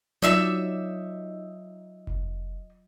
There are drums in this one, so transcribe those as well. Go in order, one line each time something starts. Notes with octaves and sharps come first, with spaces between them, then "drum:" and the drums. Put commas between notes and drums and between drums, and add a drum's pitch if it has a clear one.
F#3 D#4 F4 D5 E5 E6
drum: kick F1